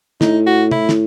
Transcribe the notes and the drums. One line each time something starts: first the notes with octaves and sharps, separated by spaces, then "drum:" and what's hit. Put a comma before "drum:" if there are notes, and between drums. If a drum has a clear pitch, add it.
A2 D#4, drum: snare
F#4
E4, drum: tom
drum: snare